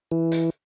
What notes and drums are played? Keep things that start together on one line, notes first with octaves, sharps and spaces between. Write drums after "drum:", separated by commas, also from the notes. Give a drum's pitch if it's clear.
E3
drum: hi-hat